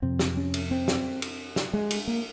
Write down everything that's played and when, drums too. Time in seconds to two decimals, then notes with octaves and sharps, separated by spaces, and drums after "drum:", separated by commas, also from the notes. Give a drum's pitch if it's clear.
0.02 F2 C3 C4
0.19 drum: snare
0.37 C#4
0.54 drum: cymbal
0.71 C4
0.88 drum: snare
1.22 drum: cymbal
1.56 drum: snare
1.73 G#3
1.91 drum: cymbal
2.07 A#3